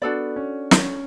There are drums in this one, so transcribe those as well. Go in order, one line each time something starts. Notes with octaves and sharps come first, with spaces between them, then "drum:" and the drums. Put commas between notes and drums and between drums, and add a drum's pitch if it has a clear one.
B3 D4 F#4 A4 D5
C#4
C#4, drum: snare